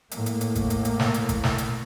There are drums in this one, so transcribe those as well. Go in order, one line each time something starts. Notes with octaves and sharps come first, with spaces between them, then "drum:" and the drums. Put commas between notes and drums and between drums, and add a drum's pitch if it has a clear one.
A2 A#3, drum: hi-hat
drum: hi-hat
drum: hi-hat
drum: kick G#1, hi-hat
drum: hi-hat
drum: hi-hat
drum: snare
drum: hi-hat
drum: kick G#1, hi-hat
drum: snare
drum: hi-hat